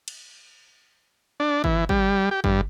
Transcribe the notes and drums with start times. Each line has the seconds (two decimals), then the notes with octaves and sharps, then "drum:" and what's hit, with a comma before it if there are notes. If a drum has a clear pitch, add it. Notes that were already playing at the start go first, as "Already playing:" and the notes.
0.08 drum: cymbal
1.40 D4
1.64 E3, drum: kick
1.89 G3, drum: kick
2.31 G4
2.44 G2, drum: kick